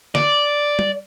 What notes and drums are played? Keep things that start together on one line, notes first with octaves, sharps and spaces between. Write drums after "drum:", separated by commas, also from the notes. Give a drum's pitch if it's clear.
D5, drum: snare
drum: tom G3